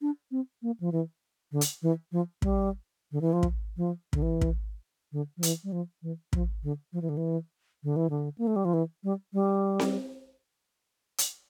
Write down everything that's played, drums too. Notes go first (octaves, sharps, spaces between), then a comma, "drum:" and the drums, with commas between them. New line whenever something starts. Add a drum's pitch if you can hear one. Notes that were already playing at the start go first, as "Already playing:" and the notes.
D4
C4
A#3
F3
E3
D3
drum: hi-hat
E3
F3
G3, drum: kick
D3
E3
F3
drum: kick
F3
D3, drum: kick
E3
drum: kick
D3
F3
E3, drum: hi-hat
G3
F3
E3
F3, drum: kick
D3
F3
E3
D3
E3
D3
E3
D3
A#3
A3
G3
F3
E3
G3
G3
drum: snare C4
drum: hi-hat